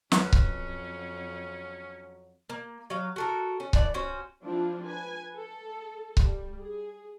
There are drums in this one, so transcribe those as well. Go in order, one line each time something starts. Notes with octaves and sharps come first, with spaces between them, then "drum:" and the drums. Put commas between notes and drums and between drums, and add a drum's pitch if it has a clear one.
F2 F#3 C#4 B4 F#5, drum: snare
drum: kick C#1
A#3
F#3 F5
F#4 A4 A#4
C#4
A2 E3 D5, drum: kick C#1
C#4 F#4 C5
F3 C4 D4 E4 F4
B4 G#5
A4
G3, drum: kick C#1
G#4